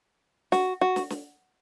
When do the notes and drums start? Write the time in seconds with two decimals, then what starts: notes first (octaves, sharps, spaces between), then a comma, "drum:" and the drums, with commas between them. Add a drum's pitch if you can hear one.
0.52 F#4, drum: snare
0.81 F#4
0.96 drum: snare
1.10 drum: snare